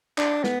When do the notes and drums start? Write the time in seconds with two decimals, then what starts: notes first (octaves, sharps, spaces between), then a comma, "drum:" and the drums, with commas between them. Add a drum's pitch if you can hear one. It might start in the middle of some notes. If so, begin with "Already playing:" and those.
0.18 D4, drum: clap
0.44 B3, drum: snare